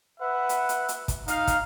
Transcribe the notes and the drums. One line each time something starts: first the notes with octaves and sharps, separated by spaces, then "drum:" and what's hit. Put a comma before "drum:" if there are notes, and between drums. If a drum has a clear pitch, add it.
B4 E5 F#5
drum: hi-hat
drum: hi-hat
drum: hi-hat
drum: kick, hi-hat
D#4 F5, drum: hi-hat
drum: kick, hi-hat